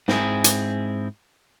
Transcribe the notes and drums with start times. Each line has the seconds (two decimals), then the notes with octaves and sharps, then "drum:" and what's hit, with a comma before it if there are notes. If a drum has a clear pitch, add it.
0.08 G#2 C4 E4 G#4, drum: snare
0.44 drum: hi-hat